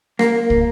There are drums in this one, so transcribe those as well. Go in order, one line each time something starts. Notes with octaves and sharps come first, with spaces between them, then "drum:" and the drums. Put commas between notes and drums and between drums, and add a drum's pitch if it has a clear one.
A#3, drum: rim click
drum: kick